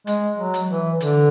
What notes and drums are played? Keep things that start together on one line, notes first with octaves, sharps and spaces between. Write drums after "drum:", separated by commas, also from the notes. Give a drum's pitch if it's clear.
G#3, drum: hi-hat
F#3
drum: hi-hat
E3
D3, drum: hi-hat